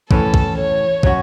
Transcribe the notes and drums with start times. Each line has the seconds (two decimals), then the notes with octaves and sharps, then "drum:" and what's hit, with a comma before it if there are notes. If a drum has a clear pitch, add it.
0.11 A2 E3 C#4 A4, drum: kick
0.34 drum: kick
0.57 C#5
1.03 F#3 C#4 F#4, drum: kick